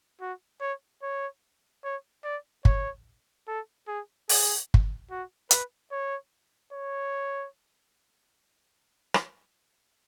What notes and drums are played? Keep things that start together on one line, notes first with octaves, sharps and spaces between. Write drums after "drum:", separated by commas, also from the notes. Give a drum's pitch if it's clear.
F#4
C#5
C#5
C#5
D5
C#5, drum: kick
A4
G#4
G#4, drum: open hi-hat
drum: kick
F#4
B4, drum: hi-hat
C#5
C#5
drum: rim click